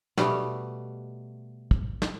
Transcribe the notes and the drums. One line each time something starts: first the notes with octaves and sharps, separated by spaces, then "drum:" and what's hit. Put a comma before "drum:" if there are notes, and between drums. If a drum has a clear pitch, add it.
B2 G3 A3, drum: snare
drum: kick
drum: snare